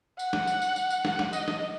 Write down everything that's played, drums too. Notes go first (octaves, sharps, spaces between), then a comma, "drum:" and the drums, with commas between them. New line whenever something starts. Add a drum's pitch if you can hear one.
F#5, drum: tambourine
drum: snare
drum: tambourine
drum: tambourine
drum: tambourine
drum: tambourine
drum: snare
drum: snare
D#5, drum: tambourine
drum: snare